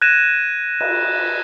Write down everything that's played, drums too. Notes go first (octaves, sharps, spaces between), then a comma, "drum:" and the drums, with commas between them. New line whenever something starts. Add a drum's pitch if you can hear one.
F#6 G#6 A#6 D#7 E7
drum: cymbal